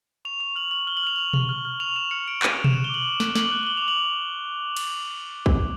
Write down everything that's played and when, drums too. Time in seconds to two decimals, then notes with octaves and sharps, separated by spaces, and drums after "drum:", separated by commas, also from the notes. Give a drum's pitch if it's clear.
0.25 C#6 F7
0.40 C#6 F7
0.56 F6 F#7
0.71 C#6 F#7
0.87 F6 G7
0.97 F#7
1.03 F6 F7
1.16 C#6 F#7
1.33 C#6, drum: tom B2
1.49 F6
1.65 F6
1.80 C#6 F7
1.96 F6 E7
2.11 F6 C#7
2.26 C#6 D7
2.43 F6 D#7, drum: clap
2.58 C#6
2.64 E7, drum: tom B2
2.74 F#6 F7
2.84 G7
2.89 D6 F#7
3.05 D6
3.20 F#6, drum: snare
3.35 D6 F#7, drum: snare
3.52 F#6
3.63 G7
3.67 D6 F#7
3.77 F7
3.82 D6
3.88 F#7
4.77 drum: cymbal
5.46 drum: kick